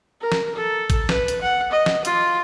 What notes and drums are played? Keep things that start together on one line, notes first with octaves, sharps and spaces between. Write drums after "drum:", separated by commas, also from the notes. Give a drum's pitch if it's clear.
A#4
drum: snare
A4
drum: kick, hi-hat
B4, drum: snare
drum: hi-hat
F#5
D#5
drum: snare
F4, drum: hi-hat